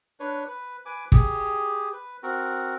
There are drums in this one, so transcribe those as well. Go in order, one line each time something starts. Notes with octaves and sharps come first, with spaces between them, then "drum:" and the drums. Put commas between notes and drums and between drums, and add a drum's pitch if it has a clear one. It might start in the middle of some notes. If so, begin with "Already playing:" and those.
D4 B4 C#5
B4
B4 G#5 D6
G4 G#4, drum: kick
B4
C4 F#4 A#4